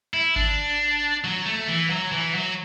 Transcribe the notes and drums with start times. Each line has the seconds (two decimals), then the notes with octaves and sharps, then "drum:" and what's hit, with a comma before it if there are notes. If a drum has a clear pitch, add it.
0.14 E4
0.36 D4, drum: kick G#1
1.24 F#3
1.46 A3
1.68 E3
1.90 F#3
2.12 E3
2.35 F#3